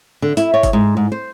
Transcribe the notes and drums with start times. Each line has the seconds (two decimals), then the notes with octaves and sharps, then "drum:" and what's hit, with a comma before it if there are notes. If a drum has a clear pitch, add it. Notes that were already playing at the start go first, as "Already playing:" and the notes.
0.22 D3
0.37 E4, drum: hi-hat
0.54 C#5
0.63 drum: kick, hi-hat
0.73 G#2
0.97 G#2
1.12 C5